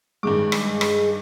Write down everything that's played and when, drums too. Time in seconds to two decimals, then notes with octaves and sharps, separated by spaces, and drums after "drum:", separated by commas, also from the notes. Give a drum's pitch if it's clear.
0.23 G2 D#3 G#3 D6
0.52 drum: rim click
0.81 drum: rim click